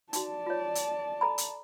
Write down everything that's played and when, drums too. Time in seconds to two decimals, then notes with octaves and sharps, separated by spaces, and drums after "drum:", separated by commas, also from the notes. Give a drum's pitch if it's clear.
0.13 D#4 F#4 D5 A5, drum: hi-hat
0.46 F4 C#5
0.75 drum: hi-hat
1.21 A4 A#5 B5
1.38 drum: hi-hat